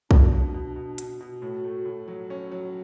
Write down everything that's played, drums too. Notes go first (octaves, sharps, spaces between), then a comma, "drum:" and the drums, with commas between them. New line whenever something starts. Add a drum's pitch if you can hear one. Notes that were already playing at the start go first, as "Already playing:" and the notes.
B2 D4, drum: kick
B2
B2
B2
B2, drum: hi-hat
B2
A2 F#4
A3
A2
F#3
C#4
F#3